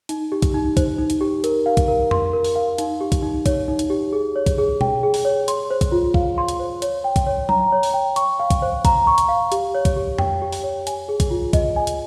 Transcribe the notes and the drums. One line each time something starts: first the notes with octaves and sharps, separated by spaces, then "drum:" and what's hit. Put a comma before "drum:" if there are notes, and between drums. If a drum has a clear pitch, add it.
D#4, drum: hi-hat
G4
drum: kick, hi-hat
D#4
C5, drum: kick, hi-hat
D#4
drum: hi-hat
G4
A#4, drum: hi-hat
F5
drum: kick, hi-hat
A#4
C6, drum: tom F2
A#4
drum: open hi-hat
F5
D#4, drum: hi-hat
G4
drum: kick, hi-hat
D#4
C#5, drum: kick, hi-hat
D#4
drum: hi-hat
G4
G#4
C#5
drum: kick, hi-hat
G#4
G5, drum: tom B2
G#4
drum: open hi-hat
C#5
C6, drum: hi-hat
C5
drum: kick, hi-hat
F4
F5, drum: kick
C6
drum: hi-hat
C5
C#5, drum: hi-hat
G5
drum: kick, hi-hat
C#5
A#5, drum: tom F#3
C#5
drum: open hi-hat
G5
C#6, drum: hi-hat
F5
drum: kick, hi-hat
C5
A#5, drum: kick, hi-hat
C#6
drum: hi-hat
F5
G4, drum: hi-hat
C#5
drum: kick, hi-hat
G4
G5, drum: tom F2
G4
drum: open hi-hat
C#5
G#5, drum: hi-hat
G#4
drum: kick, hi-hat
F4
D#5, drum: kick, hi-hat
G#5
drum: hi-hat